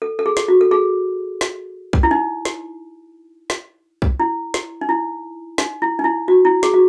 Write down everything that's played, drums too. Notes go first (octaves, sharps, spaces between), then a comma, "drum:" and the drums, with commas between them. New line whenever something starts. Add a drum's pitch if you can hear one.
A4
A4
G#4
drum: snare
F#4
A4
G#4
drum: snare
drum: kick B1
E4
D#4
drum: snare
drum: snare
drum: kick B1
E4
drum: snare
D#4
E4
D#4, drum: snare
E4
D#4
E4
F#4
E4
G#4, drum: snare
F#4